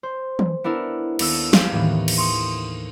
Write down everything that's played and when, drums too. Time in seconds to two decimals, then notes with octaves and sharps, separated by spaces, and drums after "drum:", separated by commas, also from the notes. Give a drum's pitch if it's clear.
0.03 C5
0.39 drum: tom
0.64 B3 D4 E4 A#4
1.19 D#2 B3 D4 A4 A5 E6, drum: cymbal
1.53 G4 G#4 F5 G#5, drum: snare
1.72 D#2 A2 D#3 E3
2.08 drum: cymbal
2.18 C6 C#6 D#6